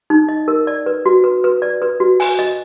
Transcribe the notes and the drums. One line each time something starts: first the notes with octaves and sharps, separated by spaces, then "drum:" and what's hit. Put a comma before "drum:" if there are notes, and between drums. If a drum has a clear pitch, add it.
D#4
D#5
A#4
D5
B4
F#4
B4
B4
D5
B4
F#4
G#5, drum: open hi-hat
D#5